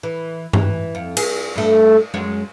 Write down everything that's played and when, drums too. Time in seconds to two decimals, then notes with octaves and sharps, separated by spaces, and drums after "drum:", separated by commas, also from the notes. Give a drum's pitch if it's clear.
0.03 E3
0.53 E3, drum: tom G2
0.95 F2
1.17 G#4, drum: cymbal
1.55 G2 A3
2.14 F#2 G#3 C#5